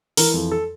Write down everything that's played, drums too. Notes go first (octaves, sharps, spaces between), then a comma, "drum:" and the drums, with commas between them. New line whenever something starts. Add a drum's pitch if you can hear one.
E3 A#4, drum: open hi-hat
F2
A4